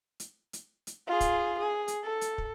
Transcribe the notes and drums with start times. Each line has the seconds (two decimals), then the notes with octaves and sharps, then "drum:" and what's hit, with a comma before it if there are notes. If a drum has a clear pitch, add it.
0.20 drum: hi-hat
0.53 drum: hi-hat
0.87 drum: hi-hat
1.07 F4 G#4
1.20 drum: kick, hi-hat
1.59 G#4
1.88 drum: hi-hat
2.05 A4
2.21 drum: hi-hat
2.38 drum: kick